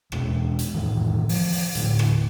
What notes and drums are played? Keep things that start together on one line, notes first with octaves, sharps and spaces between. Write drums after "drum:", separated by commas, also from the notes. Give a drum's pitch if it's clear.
E2 B2 G#3 C#4, drum: rim click
drum: hi-hat
F2 A2 D#3 E3
F3, drum: open hi-hat
drum: open hi-hat
D#1 A2 D3, drum: hi-hat
drum: rim click